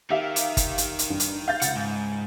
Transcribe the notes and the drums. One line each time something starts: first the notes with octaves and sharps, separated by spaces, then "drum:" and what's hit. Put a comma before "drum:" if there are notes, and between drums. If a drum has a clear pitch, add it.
D#3 G4 E5 F5
drum: hi-hat
drum: kick G1, hi-hat
drum: hi-hat
drum: hi-hat
G2
drum: hi-hat
F5 G6 A6
C#2 F#5, drum: hi-hat
G#2